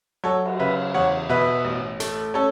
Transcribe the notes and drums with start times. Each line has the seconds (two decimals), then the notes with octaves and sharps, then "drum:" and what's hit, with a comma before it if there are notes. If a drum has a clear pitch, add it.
0.24 F#3 A4 C#5
0.46 drum: cymbal
0.59 C#3 B4 E5
0.94 E2 C#5 F#5
1.29 B2 B4 E5
1.65 A1
2.00 A3, drum: hi-hat
2.34 C#4 A4 C#5